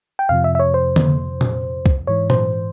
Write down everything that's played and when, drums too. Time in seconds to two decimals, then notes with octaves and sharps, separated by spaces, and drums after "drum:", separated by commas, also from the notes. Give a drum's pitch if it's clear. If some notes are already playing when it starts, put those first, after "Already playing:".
0.19 G5
0.29 F2 C3 F3 F5
0.44 E5
0.55 E5
0.59 C#5
0.74 C5
0.96 drum: tom D3
1.41 drum: tom A#2
1.86 drum: kick C2
2.07 G#2 E3 C#5
2.30 C5, drum: tom A#2